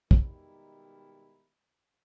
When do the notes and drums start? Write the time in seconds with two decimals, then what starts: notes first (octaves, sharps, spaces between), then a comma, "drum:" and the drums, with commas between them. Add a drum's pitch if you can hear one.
0.11 B2 D#3 G3 G#3 D#4 E4, drum: kick